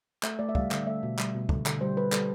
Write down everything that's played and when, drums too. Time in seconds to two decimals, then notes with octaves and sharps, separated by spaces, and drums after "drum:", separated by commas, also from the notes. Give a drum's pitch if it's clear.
0.23 A3 E5, drum: clap
0.39 A3 D5
0.49 E5
0.55 G3 F5, drum: kick
0.71 D3, drum: clap
0.87 A3 E5
1.03 B2
1.19 G3, drum: clap
1.34 B2
1.49 D3, drum: kick
1.66 D3, drum: clap
1.81 G3 C5
1.97 G3 B4
2.12 G3 A4, drum: clap